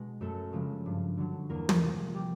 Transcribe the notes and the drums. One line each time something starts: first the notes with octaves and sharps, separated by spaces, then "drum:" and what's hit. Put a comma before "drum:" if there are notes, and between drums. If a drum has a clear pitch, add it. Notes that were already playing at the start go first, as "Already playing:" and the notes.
Already playing: B2 G#3
F#2 A3 A4
C#3 F3 G#3
G2
D3 F#3
E2 A#3 A#4
drum: tom
C3 F3 G#3
G3 G4